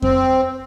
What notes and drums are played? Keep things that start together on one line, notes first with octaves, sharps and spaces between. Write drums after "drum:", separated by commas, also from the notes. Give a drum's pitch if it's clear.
C4, drum: kick F2